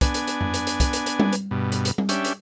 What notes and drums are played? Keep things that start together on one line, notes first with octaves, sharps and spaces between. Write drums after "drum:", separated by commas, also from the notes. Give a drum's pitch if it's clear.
B3 D4 G#5, drum: kick, hi-hat
drum: hi-hat
drum: hi-hat
drum: tom F2
drum: hi-hat
drum: hi-hat
drum: kick, hi-hat
drum: hi-hat
drum: hi-hat
drum: tom G3
drum: hi-hat
G2 B2
drum: hi-hat
drum: hi-hat
drum: tom G3
C#4 D4 G4 E5, drum: hi-hat
drum: hi-hat